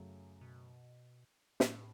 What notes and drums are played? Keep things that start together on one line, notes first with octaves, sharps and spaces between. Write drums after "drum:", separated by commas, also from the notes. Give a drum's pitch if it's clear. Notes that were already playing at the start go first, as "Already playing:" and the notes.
Already playing: F#2 C#3 F#3 A3
B2
A2, drum: snare